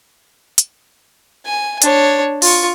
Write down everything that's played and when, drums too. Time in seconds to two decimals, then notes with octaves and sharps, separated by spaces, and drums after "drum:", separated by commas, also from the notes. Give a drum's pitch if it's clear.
0.58 drum: hi-hat
1.46 G#5
1.82 D4 C#5, drum: hi-hat
2.42 F4 C#6, drum: open hi-hat